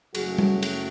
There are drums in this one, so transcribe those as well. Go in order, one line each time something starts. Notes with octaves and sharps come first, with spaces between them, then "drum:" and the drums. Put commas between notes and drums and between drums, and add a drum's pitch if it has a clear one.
F#1 F#2 C#3 F#3 A3 F#4 G#4, drum: cymbal
drum: tom G3
drum: cymbal